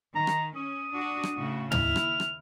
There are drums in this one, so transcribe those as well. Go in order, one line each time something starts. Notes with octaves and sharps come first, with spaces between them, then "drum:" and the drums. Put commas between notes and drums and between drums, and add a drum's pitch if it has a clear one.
D#3 A#5
drum: rim click
C#4 D#6
D4 F#4
drum: rim click
A2 C#3 F#4
D#2 E4 F6, drum: tom
drum: rim click
drum: rim click